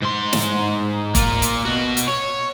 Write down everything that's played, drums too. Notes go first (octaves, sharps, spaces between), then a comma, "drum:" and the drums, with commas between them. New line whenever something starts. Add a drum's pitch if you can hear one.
G#2 C6
drum: snare
A#3 F4, drum: kick F1, hi-hat
drum: hi-hat
B2 F#4
drum: hi-hat
C#5